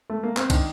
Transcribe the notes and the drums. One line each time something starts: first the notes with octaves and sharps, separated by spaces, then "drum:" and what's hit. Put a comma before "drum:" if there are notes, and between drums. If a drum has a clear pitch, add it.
A3
A#3
C4, drum: clap
D#3 D4, drum: kick, cymbal